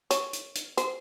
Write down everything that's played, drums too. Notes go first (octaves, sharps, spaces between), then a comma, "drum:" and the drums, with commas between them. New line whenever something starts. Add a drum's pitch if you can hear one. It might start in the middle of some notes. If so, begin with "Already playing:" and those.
C#5, drum: hi-hat
drum: hi-hat
drum: hi-hat
C5, drum: hi-hat